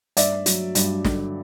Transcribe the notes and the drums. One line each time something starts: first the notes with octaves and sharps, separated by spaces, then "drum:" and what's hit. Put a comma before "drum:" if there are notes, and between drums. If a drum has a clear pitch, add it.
G2 D5 E5, drum: hi-hat
F#3, drum: hi-hat
G2, drum: hi-hat
D3, drum: snare